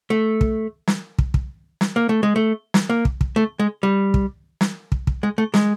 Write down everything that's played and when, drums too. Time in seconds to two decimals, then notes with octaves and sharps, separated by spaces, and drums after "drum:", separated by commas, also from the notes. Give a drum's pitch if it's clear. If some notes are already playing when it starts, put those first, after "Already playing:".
0.10 A3
0.41 drum: kick
0.87 drum: snare
1.19 drum: kick
1.34 drum: kick
1.81 drum: snare
1.96 A#3
2.09 A3
2.23 G#3
2.36 A3
2.74 drum: snare
2.89 A#3
3.05 drum: kick
3.21 drum: kick
3.36 A3
3.59 G#3
3.83 G3
4.14 drum: kick
4.61 drum: snare
4.92 drum: kick
5.07 drum: kick
5.23 G#3
5.38 A3
5.54 G#3, drum: snare